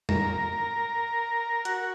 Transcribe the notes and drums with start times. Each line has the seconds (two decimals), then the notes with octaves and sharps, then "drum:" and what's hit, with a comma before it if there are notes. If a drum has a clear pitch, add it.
0.09 A#4, drum: tom
1.65 F#4, drum: hi-hat